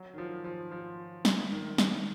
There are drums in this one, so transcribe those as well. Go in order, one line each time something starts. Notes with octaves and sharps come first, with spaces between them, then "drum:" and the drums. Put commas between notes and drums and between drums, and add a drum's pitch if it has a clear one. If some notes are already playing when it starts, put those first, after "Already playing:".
Already playing: F#3
D#3
F3
F3
F3
drum: snare
D#3
drum: snare